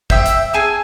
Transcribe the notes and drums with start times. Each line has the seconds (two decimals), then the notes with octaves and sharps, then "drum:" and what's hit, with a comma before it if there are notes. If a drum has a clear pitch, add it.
0.10 C5 E5 G5 E6, drum: kick
0.26 drum: hi-hat
0.53 G#4 G#5 A5 E6